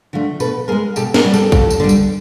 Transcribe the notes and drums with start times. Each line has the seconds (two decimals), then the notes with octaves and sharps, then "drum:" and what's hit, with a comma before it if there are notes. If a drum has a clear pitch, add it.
0.13 D3 F3 A3
0.40 B2 A4 B4, drum: tambourine
0.68 B3 G#4 A#4
0.72 G#3
0.96 B2 G4 A4, drum: tambourine
1.14 G#4 A#4, drum: snare
1.24 G3 B3
1.34 G4 A4, drum: tambourine
1.52 F2, drum: kick A1, tambourine
1.70 drum: tambourine
1.80 D3 G3
1.89 drum: tambourine